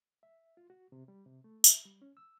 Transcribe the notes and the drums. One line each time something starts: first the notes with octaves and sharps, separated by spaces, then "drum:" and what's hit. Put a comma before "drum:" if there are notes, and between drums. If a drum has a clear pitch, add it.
E5
F4
F#4
C3
G3
C3
A3
E5, drum: tambourine
G3
C#4
E6